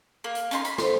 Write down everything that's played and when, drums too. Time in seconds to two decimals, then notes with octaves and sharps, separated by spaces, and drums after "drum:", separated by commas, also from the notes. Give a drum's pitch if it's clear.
0.24 A#3
0.35 drum: hi-hat
0.51 C#4 D#4 C6, drum: hi-hat
0.65 B5, drum: hi-hat
0.78 A4 C5 C6, drum: snare